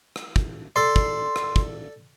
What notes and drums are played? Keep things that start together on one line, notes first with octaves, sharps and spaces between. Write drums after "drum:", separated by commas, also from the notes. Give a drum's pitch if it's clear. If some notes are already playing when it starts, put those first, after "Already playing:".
drum: rim click
drum: kick
A4 D5 C6
drum: kick
drum: rim click
drum: kick